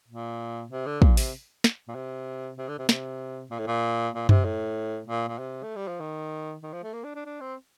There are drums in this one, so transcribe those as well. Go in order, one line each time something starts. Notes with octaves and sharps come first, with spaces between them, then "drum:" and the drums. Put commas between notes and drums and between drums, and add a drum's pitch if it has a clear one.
A#2
C3
D3
A#2, drum: kick
C3, drum: open hi-hat
drum: snare
A#2
C3
C3
D3
C3
C3, drum: snare
A#2
A2
A#2
A#2
C3, drum: tom F#2
A2
A#2
A#2
C3
A3
G3
F3
D#3
D#3
F3
A3
A#3
D4
D4
D4
C4